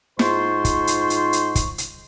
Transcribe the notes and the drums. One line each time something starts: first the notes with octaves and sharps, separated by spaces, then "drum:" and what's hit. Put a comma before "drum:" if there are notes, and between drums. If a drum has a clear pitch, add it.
G#2 D#4 F4 C5 C6 C#6, drum: snare
drum: kick, hi-hat
drum: hi-hat
drum: hi-hat
drum: hi-hat
drum: kick, hi-hat
drum: hi-hat